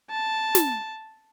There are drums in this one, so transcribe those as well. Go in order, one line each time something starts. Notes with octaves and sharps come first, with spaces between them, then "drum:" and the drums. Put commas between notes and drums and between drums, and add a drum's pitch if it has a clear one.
A5
drum: snare